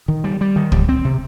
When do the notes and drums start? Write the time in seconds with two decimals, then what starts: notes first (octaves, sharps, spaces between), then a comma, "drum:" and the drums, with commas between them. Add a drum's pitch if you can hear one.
0.08 D#3
0.24 G3
0.41 G3
0.56 D#3
0.72 G3, drum: kick
0.89 C4
1.05 C3